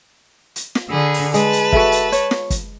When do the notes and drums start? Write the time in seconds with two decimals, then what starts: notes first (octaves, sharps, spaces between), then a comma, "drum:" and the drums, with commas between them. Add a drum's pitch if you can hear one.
0.56 drum: hi-hat
0.75 drum: snare
0.90 D3 G#4 B5
1.14 drum: open hi-hat
1.34 G#3 B4 A5, drum: hi-hat
1.53 drum: hi-hat
1.73 F#4 A4 E5, drum: kick
1.92 drum: hi-hat
2.12 C#5, drum: hi-hat
2.31 drum: snare
2.50 drum: kick, hi-hat